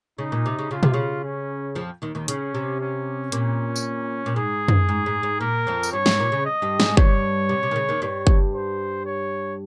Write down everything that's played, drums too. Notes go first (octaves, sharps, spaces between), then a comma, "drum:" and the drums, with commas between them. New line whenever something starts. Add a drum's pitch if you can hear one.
C#3 D#4
A#2
C3
C#3
C#3 F4
C3, drum: tom B2
C#3
C#4
F2 F3
D#2 D#3
D#2 D#3
C#3 C#4, drum: hi-hat
C3
C#4
A#2, drum: hi-hat
drum: tambourine
A#2
G#2 G#4
drum: tom F#2
G#2
G#2
G#2
A#2 A#4
F2 F3
drum: tambourine
G2 C#5
G#2, drum: snare
A#2
C#3
D#5
G2 G3
G#2 G#3, drum: snare
G2 G3 C#5, drum: kick
C3
C3
D#3
C#3
D#2 D#3
G2 G3 C#5
drum: kick
C5
C#5